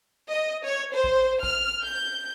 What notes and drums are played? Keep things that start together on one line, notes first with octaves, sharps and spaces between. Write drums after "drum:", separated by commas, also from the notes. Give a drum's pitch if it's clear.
D#5
C#5
C5
drum: kick A1
F6, drum: kick A1
G6